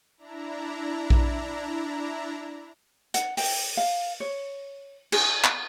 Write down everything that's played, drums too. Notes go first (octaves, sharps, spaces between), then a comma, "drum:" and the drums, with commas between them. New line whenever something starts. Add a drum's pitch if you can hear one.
D4 E4 A#5
drum: kick A#1
F#5, drum: hi-hat
G5, drum: open hi-hat
F5
C#5
G#4, drum: cymbal
drum: clap